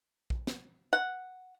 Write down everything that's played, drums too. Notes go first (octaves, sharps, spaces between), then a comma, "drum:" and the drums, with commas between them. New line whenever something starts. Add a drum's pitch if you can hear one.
drum: kick A#1
drum: snare
F#5